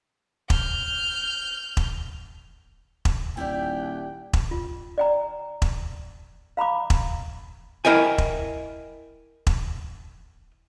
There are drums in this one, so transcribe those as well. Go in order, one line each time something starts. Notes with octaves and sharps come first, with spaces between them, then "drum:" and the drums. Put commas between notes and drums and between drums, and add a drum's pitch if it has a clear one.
F6 G6, drum: kick E1
drum: kick E1
drum: kick E1
D#1 E4 G4 D5 G5
drum: kick E1
F4
D5 G5 A#5
drum: kick E1
F5 A#5 B5 D6
drum: kick E1
E4 A#4 D#5 G5 G#5
drum: kick E1
drum: kick E1